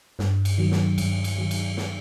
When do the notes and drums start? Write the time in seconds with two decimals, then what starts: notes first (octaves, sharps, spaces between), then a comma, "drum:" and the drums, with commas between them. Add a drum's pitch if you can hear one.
0.19 G2, drum: snare
0.45 drum: cymbal
0.58 D#3 F#3
0.72 drum: snare
0.98 G2, drum: cymbal
1.24 drum: cymbal
1.38 D#3 F#3
1.51 drum: cymbal
1.77 drum: snare